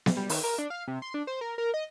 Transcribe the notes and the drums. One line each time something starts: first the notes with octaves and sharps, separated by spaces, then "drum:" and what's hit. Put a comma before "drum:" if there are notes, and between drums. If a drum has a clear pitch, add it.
drum: snare B3
G3
D#3, drum: open hi-hat
A#4
D4
F5
C3
C6
D4
C5
A#4
A#4
D#5